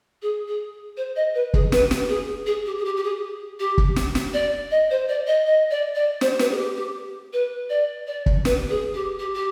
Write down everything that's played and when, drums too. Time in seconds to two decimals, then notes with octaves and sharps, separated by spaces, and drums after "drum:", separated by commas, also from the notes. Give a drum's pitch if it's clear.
0.22 G#4
0.47 G#4
0.97 C5
1.16 D#5
1.35 B4
1.54 G#4, drum: kick
1.72 B4, drum: snare
1.91 drum: snare
2.09 G#4
2.46 G#4
2.66 G4
2.78 G#4
2.85 G4
2.97 G4
3.03 G#4
3.59 G4
3.78 drum: kick
3.96 drum: snare
4.15 drum: snare
4.34 D5
4.71 D#5
4.90 C5
5.08 D5
5.27 D#5
5.46 D#5
5.70 D5
5.95 D5
6.21 C5, drum: snare
6.39 B4, drum: snare
6.51 G#4
6.57 G4
6.77 G4
7.33 B4
7.69 D5
8.07 D5
8.26 drum: kick
8.45 B4, drum: snare
8.70 G#4
8.94 G4
9.19 G4
9.34 G4